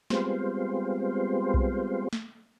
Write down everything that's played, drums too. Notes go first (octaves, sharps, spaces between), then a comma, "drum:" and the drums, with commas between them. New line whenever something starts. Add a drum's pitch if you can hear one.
G3 G#3 B3 C4 F4 C5, drum: snare
drum: kick B1
drum: snare